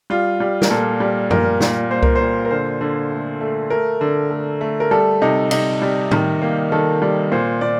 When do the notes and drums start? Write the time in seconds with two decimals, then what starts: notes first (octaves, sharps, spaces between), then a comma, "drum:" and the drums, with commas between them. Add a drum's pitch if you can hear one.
0.10 G3 F4
0.40 G3
0.62 A#4, drum: snare
0.70 A#2 A4
1.00 G3
1.31 A#2 A#4, drum: tom F#2
1.61 A#2, drum: snare
1.90 A#3 C5
2.03 A#4, drum: kick C2
2.15 C5
2.21 A#2
2.45 A#4
2.51 D3 C5
2.81 D3
3.11 A3
3.41 A3
3.70 A3 A#4
4.01 D3
4.31 A3
4.61 A3
4.80 A#4
4.91 G3 A4
5.22 C3 D#4
5.51 C3 D#4, drum: cymbal
5.82 G3
6.11 D#3, drum: tom A2
6.42 A#3
6.72 D#3 A4
7.02 G3
7.32 A#2 C5
7.61 A#2 D5